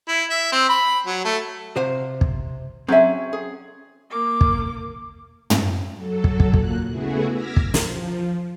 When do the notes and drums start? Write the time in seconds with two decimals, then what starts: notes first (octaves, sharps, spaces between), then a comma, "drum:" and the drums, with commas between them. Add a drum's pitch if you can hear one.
0.08 E4
0.30 E5
0.52 C4
0.69 B5
1.06 F#3
1.25 A3
1.76 C3 C5 F5
2.21 drum: kick
2.88 F#3 C4 C#4 G#4 E5
3.33 G#4
4.11 A#3 D6
4.41 drum: kick
5.50 drum: tom
5.94 F#3 A4
6.24 drum: kick
6.40 drum: kick
6.54 A#2 A#3 F#6, drum: kick
6.88 C#3 A3 B3 E4 F#4 G#4
7.32 D6 E6 F6 G#6 A#6 B6
7.56 drum: kick
7.74 F3, drum: snare